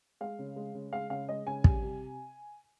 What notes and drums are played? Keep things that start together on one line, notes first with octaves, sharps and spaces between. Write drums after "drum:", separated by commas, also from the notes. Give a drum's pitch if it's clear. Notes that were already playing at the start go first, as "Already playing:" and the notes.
G#3 F5
C#3
G#3
C#3
G#3 F5
C#3 F5
G#3 D#5
C#3 G#5
G3, drum: kick
C3